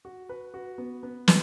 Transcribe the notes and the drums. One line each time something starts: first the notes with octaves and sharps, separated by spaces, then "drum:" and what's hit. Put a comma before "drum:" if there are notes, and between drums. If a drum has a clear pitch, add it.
F#4
B4
F#4
B3
B3
B4, drum: snare